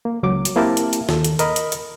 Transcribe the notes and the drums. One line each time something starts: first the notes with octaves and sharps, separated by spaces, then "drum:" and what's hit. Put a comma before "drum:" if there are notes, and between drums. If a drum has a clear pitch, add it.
A#3
C#2 F#3 D6
drum: hi-hat
A#3 C4 E4 G4 A#4 A5
drum: hi-hat
drum: hi-hat
D#2 A4, drum: snare
drum: hi-hat
A#4 D#5 B5, drum: hi-hat
drum: hi-hat
drum: hi-hat